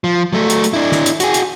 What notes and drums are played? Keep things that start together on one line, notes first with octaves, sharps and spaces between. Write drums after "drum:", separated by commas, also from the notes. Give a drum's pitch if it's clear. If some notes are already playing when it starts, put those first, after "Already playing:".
F3
F#3 A3
drum: hi-hat
drum: hi-hat
D4 E4
drum: snare
drum: hi-hat
F#4 G#4, drum: hi-hat
drum: hi-hat